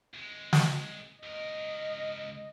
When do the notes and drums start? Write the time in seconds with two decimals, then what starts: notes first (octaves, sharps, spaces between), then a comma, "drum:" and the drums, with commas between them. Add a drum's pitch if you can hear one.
0.14 C2 G#3
0.53 drum: snare
1.23 C#2 A#4 D#5